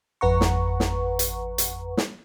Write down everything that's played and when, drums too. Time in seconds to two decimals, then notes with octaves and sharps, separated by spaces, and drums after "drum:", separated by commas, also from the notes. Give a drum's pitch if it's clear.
0.21 G#1 F2 B4 F#5 A#5 C#6
0.41 drum: snare
0.80 drum: snare
1.19 drum: hi-hat
1.58 drum: hi-hat
1.97 drum: snare